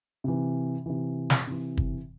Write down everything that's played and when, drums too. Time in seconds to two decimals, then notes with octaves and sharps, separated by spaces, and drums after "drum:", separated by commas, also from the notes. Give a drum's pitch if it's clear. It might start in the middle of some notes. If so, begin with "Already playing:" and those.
0.24 C3 E3
0.86 C3 E3
1.30 drum: snare
1.47 C3 E3
1.77 drum: kick